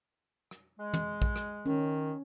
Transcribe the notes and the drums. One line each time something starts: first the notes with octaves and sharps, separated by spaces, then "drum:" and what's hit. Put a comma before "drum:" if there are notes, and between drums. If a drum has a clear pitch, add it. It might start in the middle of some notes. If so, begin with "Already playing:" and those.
drum: rim click
G#3
drum: tom
drum: kick
drum: rim click
D#3 C#4